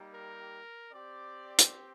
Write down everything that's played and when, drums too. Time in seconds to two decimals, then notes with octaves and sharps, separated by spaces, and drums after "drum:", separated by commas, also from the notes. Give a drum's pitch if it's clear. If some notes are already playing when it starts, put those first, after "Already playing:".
Already playing: G3 A#3 D#4 G4
0.15 A#4
0.92 C4 G4 D5
1.59 drum: hi-hat